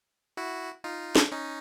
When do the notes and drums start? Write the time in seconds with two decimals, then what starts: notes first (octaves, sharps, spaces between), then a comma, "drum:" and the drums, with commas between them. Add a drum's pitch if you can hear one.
0.37 E4 F#4
0.84 D#4 F4
1.15 drum: snare
1.31 C#4 D#4